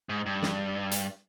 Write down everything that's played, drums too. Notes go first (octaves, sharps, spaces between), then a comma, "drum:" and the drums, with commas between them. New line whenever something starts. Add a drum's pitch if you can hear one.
G#2
G2
drum: snare
drum: hi-hat